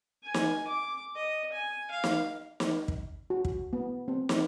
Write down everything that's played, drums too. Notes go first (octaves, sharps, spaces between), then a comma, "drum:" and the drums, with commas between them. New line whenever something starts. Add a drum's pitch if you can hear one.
G#5
drum: snare
D6
D#5
G#5
F5
drum: snare
drum: snare
drum: kick
F#4
drum: kick
B3
C4
drum: snare